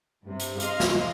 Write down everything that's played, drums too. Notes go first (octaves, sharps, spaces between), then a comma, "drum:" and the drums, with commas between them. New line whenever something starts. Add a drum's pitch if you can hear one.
G2 C3
drum: hi-hat
D#5 F5 C6 F6, drum: hi-hat
drum: snare